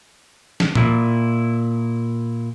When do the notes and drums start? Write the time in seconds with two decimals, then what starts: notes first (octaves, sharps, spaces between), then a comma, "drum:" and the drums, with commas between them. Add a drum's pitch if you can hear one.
0.60 drum: snare
0.75 A#2 E4, drum: tom